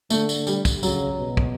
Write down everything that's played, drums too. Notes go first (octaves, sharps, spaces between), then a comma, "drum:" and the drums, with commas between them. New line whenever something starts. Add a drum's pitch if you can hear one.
D3 A3, drum: tambourine
drum: tambourine
G3, drum: tambourine
drum: kick, tambourine
C#3 F#3, drum: tambourine
B2
drum: kick